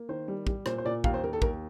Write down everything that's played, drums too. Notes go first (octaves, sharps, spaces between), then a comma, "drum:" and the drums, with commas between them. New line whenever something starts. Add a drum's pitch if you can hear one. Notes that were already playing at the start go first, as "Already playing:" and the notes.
Already playing: A#3
D#3 C5
G3
G3, drum: kick
A#2 C5, drum: rim click
C5
A#2 D5
D#2 F5, drum: kick
C5
D#2 A#4
A4
D#2 A#4, drum: kick